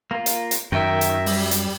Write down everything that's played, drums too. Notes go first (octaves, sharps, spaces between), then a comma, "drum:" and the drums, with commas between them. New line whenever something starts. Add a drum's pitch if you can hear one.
A#3 F4
drum: hi-hat
drum: hi-hat
F#2 D#3 A#4 E5 G5
drum: hi-hat
G3, drum: open hi-hat
drum: hi-hat